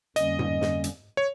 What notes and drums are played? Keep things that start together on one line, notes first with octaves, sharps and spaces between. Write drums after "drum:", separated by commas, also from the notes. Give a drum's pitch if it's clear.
F2 D3 G3 A#3 C#4 D#5, drum: hi-hat
drum: tom G#2
drum: snare
drum: hi-hat
C#5